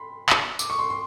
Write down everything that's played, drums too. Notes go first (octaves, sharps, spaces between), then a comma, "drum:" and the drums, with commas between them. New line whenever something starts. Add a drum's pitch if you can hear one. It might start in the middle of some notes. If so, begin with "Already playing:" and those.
Already playing: B5 C6
drum: clap
D6, drum: tambourine
C#6
C6
C6